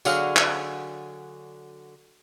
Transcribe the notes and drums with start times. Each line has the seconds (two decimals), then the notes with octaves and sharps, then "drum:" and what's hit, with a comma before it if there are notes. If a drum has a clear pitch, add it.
0.05 D3 F#3 F#4 G#4 F5, drum: tambourine
0.36 drum: clap